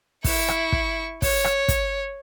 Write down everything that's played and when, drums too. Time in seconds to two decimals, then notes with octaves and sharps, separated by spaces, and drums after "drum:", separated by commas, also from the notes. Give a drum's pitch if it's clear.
0.24 E4 C#6, drum: kick, open hi-hat
0.48 drum: rim click
0.72 drum: kick
1.22 C#5, drum: kick, open hi-hat
1.44 drum: rim click
1.68 drum: kick, hi-hat